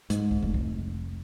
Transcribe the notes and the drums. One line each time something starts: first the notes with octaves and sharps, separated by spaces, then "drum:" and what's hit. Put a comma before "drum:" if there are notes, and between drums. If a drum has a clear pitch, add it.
G#2, drum: hi-hat
drum: kick B1
F1
drum: kick B1